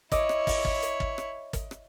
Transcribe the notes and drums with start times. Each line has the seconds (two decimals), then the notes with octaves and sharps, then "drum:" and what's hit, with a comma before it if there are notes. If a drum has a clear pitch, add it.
0.12 E4 C#5 D#5 D6 E6, drum: kick, hi-hat
0.29 drum: rim click
0.47 drum: kick, open hi-hat
0.65 drum: kick
0.82 drum: hi-hat
1.00 drum: kick
1.18 drum: rim click
1.53 drum: kick, hi-hat
1.71 drum: rim click